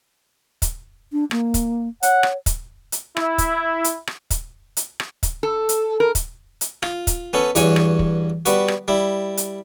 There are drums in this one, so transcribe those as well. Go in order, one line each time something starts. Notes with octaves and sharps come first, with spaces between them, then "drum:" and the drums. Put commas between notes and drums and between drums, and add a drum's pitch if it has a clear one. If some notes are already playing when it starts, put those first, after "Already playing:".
drum: kick, hi-hat
D4
A#3, drum: rim click
drum: kick, hi-hat
C#5 F#5, drum: hi-hat
drum: rim click
drum: kick, hi-hat
drum: hi-hat
E4, drum: rim click
drum: kick, hi-hat
drum: hi-hat
drum: rim click
drum: kick, hi-hat
drum: hi-hat
drum: rim click
drum: kick, hi-hat
A4
drum: hi-hat
A#4
drum: kick, hi-hat
drum: hi-hat
F4, drum: rim click
drum: kick, hi-hat
B3 C#4 A4
E2 G2 F#4 C#5 G#5, drum: hi-hat
drum: rim click
drum: kick
G3 B3 F#4, drum: hi-hat
drum: rim click
G3 E4
drum: hi-hat